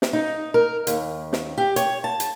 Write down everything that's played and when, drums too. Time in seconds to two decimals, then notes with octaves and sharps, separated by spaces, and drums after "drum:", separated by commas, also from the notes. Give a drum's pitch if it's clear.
0.02 drum: snare
0.13 D#4
0.54 A#4
0.87 D#2, drum: hi-hat
1.33 drum: snare
1.58 G4
1.76 C#5, drum: hi-hat
2.04 A5
2.20 drum: hi-hat